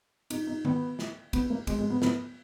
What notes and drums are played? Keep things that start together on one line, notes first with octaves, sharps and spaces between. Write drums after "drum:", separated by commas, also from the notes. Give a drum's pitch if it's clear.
D#4, drum: cymbal
D#4
B3, drum: tom D#3
drum: snare
B3, drum: kick, cymbal
A#3
G#3, drum: kick, cymbal
G#3
B3
B3, drum: snare